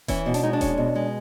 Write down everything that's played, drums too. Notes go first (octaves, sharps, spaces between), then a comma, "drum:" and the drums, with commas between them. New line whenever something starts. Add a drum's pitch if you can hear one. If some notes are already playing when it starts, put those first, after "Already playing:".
E3 C#4 E4, drum: kick D#1, hi-hat
B2
D4, drum: hi-hat
G#3 D#4
D4
C#4, drum: kick D#1, hi-hat
B2
G#3